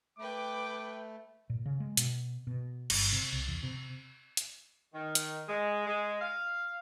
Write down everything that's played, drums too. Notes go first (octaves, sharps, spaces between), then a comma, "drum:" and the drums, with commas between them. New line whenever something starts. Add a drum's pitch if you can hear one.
A3 B4 G5 D6
A#2
C#3
G#3
B2, drum: hi-hat
B2
G1, drum: cymbal
C3
C2
E2
C3
drum: hi-hat
D#3
drum: hi-hat
G#3
G#3
F5